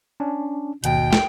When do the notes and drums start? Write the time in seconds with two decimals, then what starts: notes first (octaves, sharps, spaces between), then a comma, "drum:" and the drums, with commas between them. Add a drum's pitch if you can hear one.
0.20 C#4 D4
0.84 G#1 D#2 B2 G5, drum: hi-hat
1.13 drum: snare